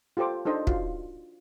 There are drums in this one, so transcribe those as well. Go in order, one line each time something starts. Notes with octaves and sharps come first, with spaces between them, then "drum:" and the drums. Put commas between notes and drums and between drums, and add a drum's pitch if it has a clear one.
F4 G4 A4 C5 D6
D4 D#4 A4 C5 D#5
F4 F#4 F5, drum: kick